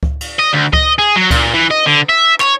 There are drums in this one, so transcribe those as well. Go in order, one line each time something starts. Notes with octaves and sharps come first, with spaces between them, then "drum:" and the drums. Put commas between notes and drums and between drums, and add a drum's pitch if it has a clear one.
drum: kick C#2
drum: cymbal
D#5
D2
D#5, drum: kick C#2
G#4
F#3
A#2, drum: kick C#2, cymbal
E3
D#5
D3
E5
C#5, drum: clap